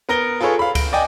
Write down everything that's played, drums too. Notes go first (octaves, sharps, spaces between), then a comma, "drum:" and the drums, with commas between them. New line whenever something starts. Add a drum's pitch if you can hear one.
B3 A#4 A#6 G7
F4 G#4 A4 B4 C#5
F5 B5
D7, drum: kick C#2, cymbal
D5 D#5 G5 G#5